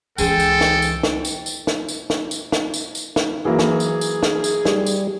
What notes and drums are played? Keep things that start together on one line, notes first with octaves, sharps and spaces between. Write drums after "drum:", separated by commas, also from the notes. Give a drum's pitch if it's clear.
C#2 E3 G#4 A4 C5 G5, drum: tambourine
drum: tambourine
drum: snare
drum: tambourine
drum: snare
drum: tambourine
drum: tambourine
drum: snare
drum: tambourine
drum: snare
drum: tambourine
drum: snare
drum: tambourine
drum: tambourine
drum: snare
E3 F#3 A#3 G#4
drum: snare
drum: tambourine
drum: tambourine
drum: snare
drum: tambourine
G3, drum: snare
drum: tambourine